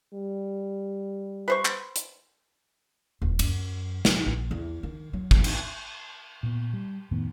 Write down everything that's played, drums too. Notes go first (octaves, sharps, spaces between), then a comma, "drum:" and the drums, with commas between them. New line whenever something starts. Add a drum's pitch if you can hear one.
G3
B4 C5 C#6
drum: clap
drum: hi-hat
D#1
F#2, drum: cymbal
F4, drum: snare
A#1
E2
D#3
F#3
drum: kick
drum: cymbal
A#2 B3
G3
F2 A2 D#3 B3